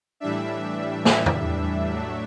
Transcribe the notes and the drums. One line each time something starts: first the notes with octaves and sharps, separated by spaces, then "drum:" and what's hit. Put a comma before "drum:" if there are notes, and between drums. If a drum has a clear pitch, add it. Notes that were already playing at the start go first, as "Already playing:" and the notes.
A2 E3 G3 D4 E5
E5, drum: snare
drum: tom E2
A2 F#3 A3 D4